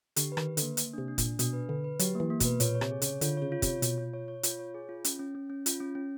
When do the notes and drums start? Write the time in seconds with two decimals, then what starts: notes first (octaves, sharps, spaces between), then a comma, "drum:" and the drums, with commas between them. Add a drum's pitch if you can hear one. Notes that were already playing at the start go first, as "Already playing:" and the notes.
0.16 D3 G4, drum: hi-hat
0.32 B4
0.37 D#3, drum: rim click
0.48 B4
0.57 D3, drum: hi-hat
0.62 A#3
0.77 A#3, drum: hi-hat
0.93 C3 D4
1.08 D4
1.18 A#2, drum: kick, hi-hat
1.23 D4
1.39 B2 D4, drum: hi-hat
1.53 B4
1.69 D3 B4
1.84 B4
1.99 F#3 G4, drum: hi-hat
2.15 E3 A#3
2.30 A#3
2.40 B2 B4, drum: kick, hi-hat
2.60 A#2 C#5, drum: hi-hat
2.75 C#5
2.81 C3, drum: rim click
2.91 G#4
3.02 C#3, drum: hi-hat
3.07 C#5
3.21 D3 F4, drum: hi-hat
3.37 C#3 C#5
3.52 F4
3.62 C3, drum: kick, hi-hat
3.67 C#5
3.82 B2 F4, drum: hi-hat
3.98 F4
4.13 C#5
4.28 C#5
4.43 F4, drum: hi-hat
4.59 C#5
4.74 G#4
4.89 F4
5.04 C#4, drum: hi-hat
5.19 C#4
5.35 C#4
5.50 C#4
5.66 F4, drum: hi-hat
5.80 C#4
5.95 C#4